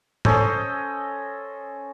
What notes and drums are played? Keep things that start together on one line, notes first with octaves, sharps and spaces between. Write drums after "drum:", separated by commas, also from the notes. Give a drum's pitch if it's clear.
C#4 A4 C5 D#5, drum: tom